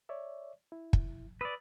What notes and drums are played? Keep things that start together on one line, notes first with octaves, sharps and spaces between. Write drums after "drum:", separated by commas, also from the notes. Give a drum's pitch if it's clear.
C#5 D5 E5
E4
drum: kick
B4 D5 D#6 E6